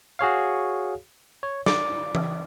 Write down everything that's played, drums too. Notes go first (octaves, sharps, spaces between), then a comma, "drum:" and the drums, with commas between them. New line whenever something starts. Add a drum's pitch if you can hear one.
F#4 G#4 C#5 F5
C#5
D5 D6, drum: snare
drum: tom E3